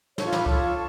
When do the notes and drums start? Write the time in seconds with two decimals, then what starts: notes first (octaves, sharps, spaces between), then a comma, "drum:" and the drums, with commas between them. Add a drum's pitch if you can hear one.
0.18 F4 A4 C#5 A5 C#6, drum: snare
0.32 B5 D6, drum: snare
0.46 F4 A4 C#5 A5 C#6, drum: kick C2